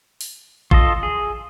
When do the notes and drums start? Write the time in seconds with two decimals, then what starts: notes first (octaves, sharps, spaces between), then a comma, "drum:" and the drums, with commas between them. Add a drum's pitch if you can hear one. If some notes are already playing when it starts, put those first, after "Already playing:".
0.21 drum: open hi-hat
0.71 F4 A4 D#5, drum: kick G#1
1.03 G#4